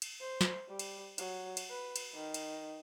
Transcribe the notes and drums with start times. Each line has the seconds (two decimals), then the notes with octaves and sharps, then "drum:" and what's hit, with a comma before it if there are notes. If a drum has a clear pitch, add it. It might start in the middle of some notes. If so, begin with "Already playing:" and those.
0.02 drum: cymbal
0.21 C5
0.41 drum: snare
0.68 G3
0.79 drum: cymbal
1.18 F#3, drum: cymbal
1.57 drum: cymbal
1.70 B4
1.96 drum: cymbal
2.14 D#3
2.34 drum: cymbal